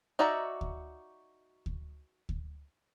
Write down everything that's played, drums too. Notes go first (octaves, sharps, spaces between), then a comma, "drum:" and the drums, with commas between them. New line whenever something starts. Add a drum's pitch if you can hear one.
D#4 F#4 D5 E5 A#5
drum: kick D2
drum: kick D2
drum: kick D2